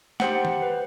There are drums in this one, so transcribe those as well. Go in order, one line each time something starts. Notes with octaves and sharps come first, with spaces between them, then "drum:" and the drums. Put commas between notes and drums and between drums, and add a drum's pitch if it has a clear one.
G4 C5 F#5 G5 C#7, drum: snare
drum: tom D#3
B4